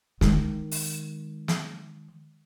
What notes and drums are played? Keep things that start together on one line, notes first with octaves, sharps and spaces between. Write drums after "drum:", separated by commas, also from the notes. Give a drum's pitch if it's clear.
D#3 G#3, drum: snare
drum: open hi-hat
drum: snare